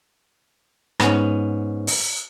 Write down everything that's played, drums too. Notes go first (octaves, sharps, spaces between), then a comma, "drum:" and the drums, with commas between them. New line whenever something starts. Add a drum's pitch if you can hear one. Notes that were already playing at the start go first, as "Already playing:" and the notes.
G#2 B3 C#4, drum: rim click
drum: open hi-hat